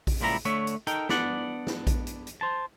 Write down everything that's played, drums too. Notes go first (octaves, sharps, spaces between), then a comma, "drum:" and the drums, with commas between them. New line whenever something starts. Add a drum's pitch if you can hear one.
drum: kick A#1, open hi-hat
C#2 A#2 F3 G3 E4 A#5
D3 A3 C#5 E5, drum: hi-hat
drum: hi-hat
D#4 A4 A#4 G5, drum: hi-hat
B3 D4 D5 F#5, drum: snare
drum: snare
drum: kick A#1, hi-hat
drum: hi-hat
drum: hi-hat
C5 A5